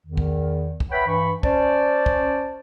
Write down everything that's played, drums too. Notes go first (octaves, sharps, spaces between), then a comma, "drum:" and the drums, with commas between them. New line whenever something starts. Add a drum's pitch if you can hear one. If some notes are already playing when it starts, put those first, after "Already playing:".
E2 D#3
drum: kick
drum: kick
B4 C#5 E5 F#5 G5 B5
G2 E3 B5 C#6
C#4 C5 D5 A5, drum: kick
drum: kick